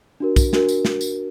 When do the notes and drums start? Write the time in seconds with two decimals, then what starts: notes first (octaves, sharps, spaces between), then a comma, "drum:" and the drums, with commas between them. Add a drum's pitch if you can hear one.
0.20 D4 F#4 A#4
0.36 drum: kick, tambourine
0.53 D4 F#4 A#4, drum: snare
0.69 drum: tambourine
0.85 drum: snare
1.01 drum: tambourine